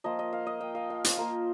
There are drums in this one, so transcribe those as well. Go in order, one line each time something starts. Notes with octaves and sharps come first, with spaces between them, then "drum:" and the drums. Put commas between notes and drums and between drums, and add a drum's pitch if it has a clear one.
F3 A#3 F4 D#5
D#5
F5
D#5
G5
F5
F5
C5, drum: hi-hat
A#3 F4 A#4